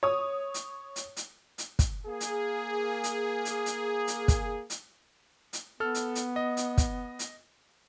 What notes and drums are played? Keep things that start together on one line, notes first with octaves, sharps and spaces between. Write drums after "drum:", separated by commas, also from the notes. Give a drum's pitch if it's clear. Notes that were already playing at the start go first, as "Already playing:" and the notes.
C#5 D#6
drum: hi-hat
drum: hi-hat
drum: hi-hat
drum: hi-hat
drum: kick, hi-hat
A#3 G#4
drum: hi-hat
drum: hi-hat
drum: hi-hat
drum: hi-hat
drum: hi-hat
drum: kick, hi-hat
drum: hi-hat
drum: hi-hat
B3 A4 F6
drum: hi-hat
drum: hi-hat
D#5
drum: hi-hat
drum: kick, hi-hat
drum: hi-hat